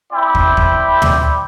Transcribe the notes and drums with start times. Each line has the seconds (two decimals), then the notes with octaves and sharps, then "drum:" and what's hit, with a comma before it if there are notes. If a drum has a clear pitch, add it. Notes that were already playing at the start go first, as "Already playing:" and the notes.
0.12 C4 E4 D5 G5
0.35 drum: kick
0.57 drum: kick
1.02 drum: tom D2